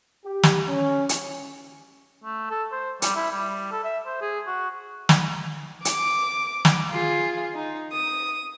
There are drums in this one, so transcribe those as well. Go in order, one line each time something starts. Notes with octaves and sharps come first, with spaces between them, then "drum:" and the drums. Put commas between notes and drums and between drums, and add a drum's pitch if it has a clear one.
G4
drum: snare
C#4
drum: hi-hat
A3
A4
C5
G3, drum: hi-hat
E4
G3
A4
E5
C5
G#4
F#4
drum: snare
D6, drum: hi-hat
drum: snare
F4 G#4
D#4
D#6